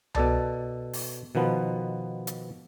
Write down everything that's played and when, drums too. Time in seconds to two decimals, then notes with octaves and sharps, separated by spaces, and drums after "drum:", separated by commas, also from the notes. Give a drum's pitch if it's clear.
0.15 B2 A4 D5 A5, drum: tom C2
0.93 drum: open hi-hat
1.35 B2 D#3 F3 B3
2.27 drum: hi-hat